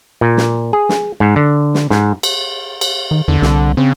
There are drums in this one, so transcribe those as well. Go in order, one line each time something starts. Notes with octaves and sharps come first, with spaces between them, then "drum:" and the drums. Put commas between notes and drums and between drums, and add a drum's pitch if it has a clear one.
A#2
drum: snare
G#4
drum: snare
G#2
D3
drum: snare
G#2, drum: snare
drum: cymbal
drum: cymbal
D#3
E2 D3
C2, drum: snare
C#3 C4